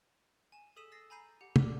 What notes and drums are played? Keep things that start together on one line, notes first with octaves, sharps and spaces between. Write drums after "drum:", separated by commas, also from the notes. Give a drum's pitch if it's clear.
G#5 E7
G#4 A4 D#6 B6 D#7 E7
E6 A6 A#6 C7
G#5 A#5 B5 G6 C7 D#7
G4 F#5
A4 D5 D6 F6 A6 F7, drum: tom